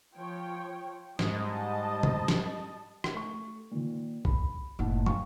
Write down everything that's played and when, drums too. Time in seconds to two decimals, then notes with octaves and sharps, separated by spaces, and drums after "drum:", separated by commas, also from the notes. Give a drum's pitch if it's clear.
0.15 F3 C#5 G5
1.19 G#2 G3 D#5 A5, drum: snare
2.03 drum: tom
2.28 drum: snare
3.04 drum: rim click
3.14 A3 C#6
3.71 A#2 D#3
4.25 B5, drum: kick B1
4.79 F#1 A2 D#4 F#5 A5
5.06 F5 G5 C#6, drum: tom